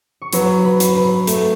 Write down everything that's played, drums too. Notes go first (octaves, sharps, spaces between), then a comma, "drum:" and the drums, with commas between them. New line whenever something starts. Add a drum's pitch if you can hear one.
C#6
F#3 B4 B5, drum: hi-hat
B4 B5
F#3, drum: hi-hat
B4 B5
A3, drum: hi-hat